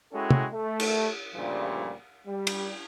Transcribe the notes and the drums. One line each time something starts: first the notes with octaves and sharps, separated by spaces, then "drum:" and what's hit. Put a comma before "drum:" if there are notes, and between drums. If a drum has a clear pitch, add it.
G#3 C#4 E4 F#4 A4 G5
drum: tom
A3
drum: cymbal
D2 G2 A#2 C#3 F3 G3
G3
drum: cymbal